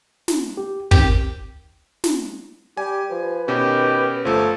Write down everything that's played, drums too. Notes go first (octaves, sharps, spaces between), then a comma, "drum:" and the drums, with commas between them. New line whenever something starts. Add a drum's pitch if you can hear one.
drum: snare
G4
D#3 C4 G4 A#4, drum: kick
drum: snare
G3 G4 G#5
F3 B4
B2 D#3 C#4 G4
G1 F3 A3 A4